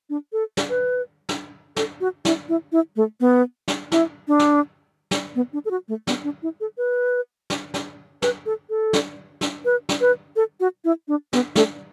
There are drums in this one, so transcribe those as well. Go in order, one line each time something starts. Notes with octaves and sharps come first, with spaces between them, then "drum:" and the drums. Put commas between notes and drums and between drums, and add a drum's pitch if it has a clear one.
D4
A4
drum: snare
B4
drum: snare
A4, drum: snare
F#4
E4, drum: snare
E4
E4
A3
B3
drum: snare
E4, drum: snare
D4
drum: snare
drum: snare
B3
D4
A4
F#4
A3
B3, drum: snare
D4
E4
A4
B4
drum: snare
drum: snare
B4, drum: snare
A4
A4
drum: snare
drum: snare
B4
drum: snare
B4
A4
F#4
E4
D4
B3, drum: snare
A3, drum: snare